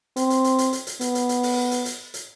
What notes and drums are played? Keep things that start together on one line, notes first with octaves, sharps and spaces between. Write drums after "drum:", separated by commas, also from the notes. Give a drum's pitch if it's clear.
C4, drum: hi-hat
drum: hi-hat
drum: hi-hat
drum: hi-hat
drum: hi-hat
drum: hi-hat
B3, drum: hi-hat
drum: hi-hat
drum: hi-hat
drum: open hi-hat
drum: hi-hat
drum: hi-hat
drum: hi-hat